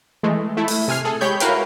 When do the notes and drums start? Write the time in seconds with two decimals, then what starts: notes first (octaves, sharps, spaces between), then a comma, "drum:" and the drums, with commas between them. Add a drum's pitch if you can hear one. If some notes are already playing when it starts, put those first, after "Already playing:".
0.23 E3 G#3 A3
0.57 A3 E4
0.68 drum: open hi-hat
0.88 C3 G#5 F6 C7
1.05 G#4 A4
1.21 G#3 G4 C#5 B5 G6
1.40 E4 F#4 A#4 B4 F5 G5, drum: hi-hat